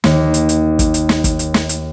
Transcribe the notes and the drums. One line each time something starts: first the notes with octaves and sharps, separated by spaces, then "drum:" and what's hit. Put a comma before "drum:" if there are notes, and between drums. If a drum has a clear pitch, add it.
D#2 A#3, drum: snare
drum: hi-hat
drum: hi-hat
drum: kick, hi-hat
drum: hi-hat
drum: snare
drum: kick, hi-hat
drum: hi-hat
drum: snare
drum: hi-hat